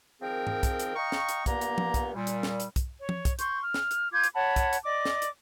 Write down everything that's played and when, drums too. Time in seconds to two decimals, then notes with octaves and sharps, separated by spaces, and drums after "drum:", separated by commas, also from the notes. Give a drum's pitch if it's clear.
0.22 D#3 F3 C4 G#4 A#4 G5
0.47 drum: tom G#2
0.63 drum: kick, hi-hat
0.79 drum: hi-hat
0.96 D#5 F5 G5 A#5 C#6
1.12 drum: snare
1.29 drum: hi-hat
1.46 G2 A#2 A#3 B3 A#5, drum: kick, hi-hat
1.61 drum: hi-hat
1.78 drum: tom F3
1.94 drum: kick, hi-hat
2.14 A#2 G3
2.27 drum: hi-hat
2.43 drum: snare
2.60 drum: hi-hat
2.76 drum: kick, hi-hat
2.99 C#5
3.09 drum: tom F3
3.25 drum: kick, hi-hat
3.39 C6 C#6 G6, drum: hi-hat
3.63 F6
3.74 drum: snare
3.91 drum: hi-hat
4.12 F4 D6 G6 G#6
4.24 drum: hi-hat
4.35 C#5 F#5 A5 B5
4.56 drum: kick, hi-hat
4.73 drum: hi-hat
4.84 D5 D#5 D6
5.05 drum: snare
5.22 drum: hi-hat